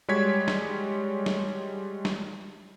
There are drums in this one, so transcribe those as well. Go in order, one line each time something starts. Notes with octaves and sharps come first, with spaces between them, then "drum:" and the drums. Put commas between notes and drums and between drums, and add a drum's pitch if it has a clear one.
G3 G#3 F#4 C#5 G#6 B6
drum: snare
drum: snare
drum: snare